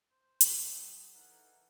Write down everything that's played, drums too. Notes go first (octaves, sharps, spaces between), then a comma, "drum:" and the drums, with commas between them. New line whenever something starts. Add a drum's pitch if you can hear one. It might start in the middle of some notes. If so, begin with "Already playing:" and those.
C5
drum: hi-hat
F#3 G#4
E3 D#4 A4 A#4 F#5